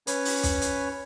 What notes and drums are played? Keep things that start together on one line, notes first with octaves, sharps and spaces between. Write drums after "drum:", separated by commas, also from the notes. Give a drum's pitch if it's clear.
C#4 B4 C#5, drum: hi-hat
drum: open hi-hat
drum: kick, hi-hat
drum: hi-hat